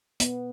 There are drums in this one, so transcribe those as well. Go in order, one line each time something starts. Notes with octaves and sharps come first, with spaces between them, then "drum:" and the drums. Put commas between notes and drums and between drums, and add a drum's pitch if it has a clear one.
B3, drum: hi-hat